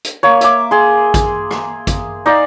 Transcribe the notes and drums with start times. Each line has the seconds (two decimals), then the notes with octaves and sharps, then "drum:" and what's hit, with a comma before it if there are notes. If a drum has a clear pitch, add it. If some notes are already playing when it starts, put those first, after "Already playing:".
0.04 drum: hi-hat
0.23 A#3 C#5
0.41 E5 D6, drum: hi-hat
0.71 G#4 C6
1.14 drum: kick, hi-hat
1.51 drum: rim click
1.87 drum: kick, hi-hat
2.26 D#4 D5 F5